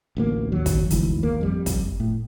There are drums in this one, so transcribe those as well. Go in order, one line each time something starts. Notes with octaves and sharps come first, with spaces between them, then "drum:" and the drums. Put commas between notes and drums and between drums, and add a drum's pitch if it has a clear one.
A1 D2 A#3
D#2 F#3
drum: kick, hi-hat
F1 D2 G#2 E3, drum: hi-hat
G#1 A#3
F2 G3
drum: kick, hi-hat
A2